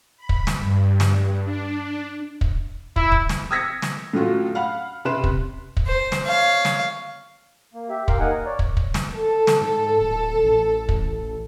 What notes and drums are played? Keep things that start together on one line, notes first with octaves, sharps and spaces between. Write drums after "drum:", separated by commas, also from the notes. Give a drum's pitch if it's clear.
B5
drum: kick
drum: snare
G2
drum: snare
D4
drum: kick
E4, drum: kick
drum: kick
drum: snare
D#6 E6 G#6 A#6 B6 C#7
drum: snare
A2 D3 F#3 C#4 F4 F#4
F5 F#5 B5 F6
C3 C#4 B4 C6 E7
drum: kick
drum: kick
C5
drum: snare
C#5 F5
drum: snare
A#3
G4 E5
G4 A#4 F5 C6 D6, drum: kick
A#3 D#4 A#4 F#5 G#5
A#4
C#5 D5
drum: kick
drum: kick
drum: snare
A4
drum: snare
G#2
D1
A1
drum: kick